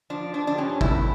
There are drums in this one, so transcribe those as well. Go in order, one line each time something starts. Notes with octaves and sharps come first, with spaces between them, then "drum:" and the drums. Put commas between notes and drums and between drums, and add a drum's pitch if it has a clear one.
F3 D4
F3 D4
D4
G2 C#4
E2 E4, drum: kick